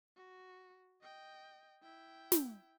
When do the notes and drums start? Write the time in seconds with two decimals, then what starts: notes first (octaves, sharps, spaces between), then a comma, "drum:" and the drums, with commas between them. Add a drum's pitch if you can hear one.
0.16 F#4
1.02 D#5 G5
1.83 E4 G5
2.32 drum: snare